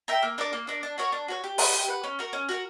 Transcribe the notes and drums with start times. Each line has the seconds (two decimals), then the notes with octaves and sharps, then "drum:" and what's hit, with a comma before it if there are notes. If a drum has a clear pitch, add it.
0.08 A#4 E5 G5
0.23 A#3
0.38 D4 A#4 D5
0.53 A#3
0.67 D4 A#4 D5
0.83 D4
0.98 F#4 A#4 C#5
1.12 D4
1.28 F#4 A#4 C#5
1.44 G4
1.58 B4 F#5, drum: open hi-hat
1.73 G4
1.88 B4 F#5
2.04 C#4
2.19 F#4 A#4
2.33 C#4
2.49 F#4 A#4